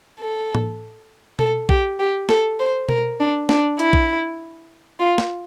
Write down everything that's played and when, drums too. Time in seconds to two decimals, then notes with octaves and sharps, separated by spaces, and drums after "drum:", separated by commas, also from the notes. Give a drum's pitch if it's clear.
0.19 A4
0.55 drum: tom A2
1.39 A4, drum: tom B2
1.69 G4, drum: kick A#1
1.99 G4
2.29 A4, drum: snare
2.59 C5
2.89 A#4, drum: tom B2
3.20 D4
3.49 D4, drum: snare
3.79 E4, drum: hi-hat
3.93 drum: kick A#1
4.99 F4
5.18 drum: snare